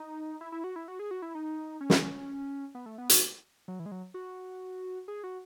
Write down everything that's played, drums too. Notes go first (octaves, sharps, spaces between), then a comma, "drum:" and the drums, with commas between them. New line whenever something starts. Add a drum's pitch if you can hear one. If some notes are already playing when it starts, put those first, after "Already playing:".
Already playing: D#4
E4
E4
F#4
E4
F#4
G#4
F#4
E4
D#4
C#4
drum: snare
B3
A3
B3
F#4, drum: hi-hat
F#3
E3
G#3
F#3
F#4
G#4
F#4